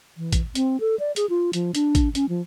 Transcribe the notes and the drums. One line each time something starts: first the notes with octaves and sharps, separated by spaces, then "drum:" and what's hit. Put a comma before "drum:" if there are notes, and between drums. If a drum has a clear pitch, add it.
E3
drum: kick, hi-hat
C4, drum: hi-hat
A4
D5
G#4, drum: hi-hat
F4
F3, drum: hi-hat
D4, drum: hi-hat
drum: kick, hi-hat
C#4, drum: hi-hat
F3